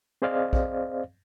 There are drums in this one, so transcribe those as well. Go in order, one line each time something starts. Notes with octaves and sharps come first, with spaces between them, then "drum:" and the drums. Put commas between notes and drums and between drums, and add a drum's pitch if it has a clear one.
C4 G#4 C5 D5 D#5 F5
drum: kick A#1